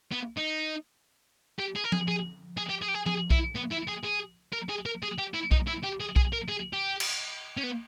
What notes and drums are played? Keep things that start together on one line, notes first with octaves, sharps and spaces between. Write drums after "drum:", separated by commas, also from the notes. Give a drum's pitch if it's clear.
B3
D#4
G4
G#4
A#4
G#4, drum: tom F3
G#4
G#4
G4
G#4
G4
G#4
G#4, drum: tom F3
E4, drum: kick B1
B3
E4
G#4
G#4
A#4
G#4
A#4
G#4
G4
E4
D#4, drum: kick B1
E4
G4
G#4
G#4, drum: kick B1
A#4
G#4
G4
drum: cymbal
C#4
B3